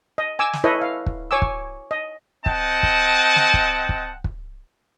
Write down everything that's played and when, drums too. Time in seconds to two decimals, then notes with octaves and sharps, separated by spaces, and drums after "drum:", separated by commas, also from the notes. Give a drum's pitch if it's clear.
0.18 D#5
0.39 G#5 D6 E6
0.53 drum: snare
0.64 E4 A4 B4 C#5 D#5
0.82 F5
1.06 drum: kick
1.31 C#5 G#5 D6 E6
1.42 drum: kick
1.91 D#5
2.46 C4 D#5 F#5 G5 A5, drum: kick
2.83 drum: kick
3.36 drum: snare
3.54 drum: kick
3.89 drum: kick
4.24 drum: kick